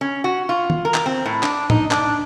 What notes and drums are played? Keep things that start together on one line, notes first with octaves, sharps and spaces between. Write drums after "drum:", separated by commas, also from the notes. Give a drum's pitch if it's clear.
C#4
F#4
F4
drum: tom
A#4
drum: clap
C4
A2
D4, drum: clap
D#4, drum: tom
D4, drum: clap